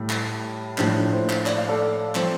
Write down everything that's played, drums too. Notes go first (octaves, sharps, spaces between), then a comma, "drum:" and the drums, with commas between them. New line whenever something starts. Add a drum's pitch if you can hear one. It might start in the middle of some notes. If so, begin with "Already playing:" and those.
Already playing: A2 G3
drum: clap
A2 F3 D4, drum: clap
C5
drum: clap
D5, drum: clap
F5
A4 D5
F3 C4, drum: clap